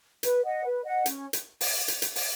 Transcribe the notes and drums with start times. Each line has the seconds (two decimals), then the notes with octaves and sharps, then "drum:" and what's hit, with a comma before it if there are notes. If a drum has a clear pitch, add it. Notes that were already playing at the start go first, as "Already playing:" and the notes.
0.23 B4, drum: hi-hat
0.44 D#5 F#5
0.64 B4
0.85 D#5 F#5
1.06 C#4, drum: hi-hat
1.33 drum: hi-hat
1.61 drum: open hi-hat
1.88 drum: hi-hat
2.02 drum: hi-hat
2.16 drum: open hi-hat